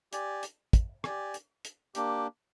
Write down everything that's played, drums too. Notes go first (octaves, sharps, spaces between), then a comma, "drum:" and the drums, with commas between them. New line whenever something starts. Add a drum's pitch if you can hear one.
G4 D5 G#5, drum: hi-hat
drum: hi-hat
drum: kick, hi-hat
G4 D5 G#5, drum: rim click
drum: hi-hat
drum: hi-hat
A#3 D4 G4, drum: hi-hat